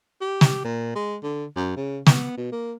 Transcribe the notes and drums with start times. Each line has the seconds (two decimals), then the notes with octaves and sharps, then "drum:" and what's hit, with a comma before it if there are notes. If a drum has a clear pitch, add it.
0.21 G4
0.41 drum: snare
0.64 A#2
0.96 G#3
1.23 D3
1.56 F#2
1.76 C#3
2.06 B3, drum: snare
2.37 B2
2.52 A#3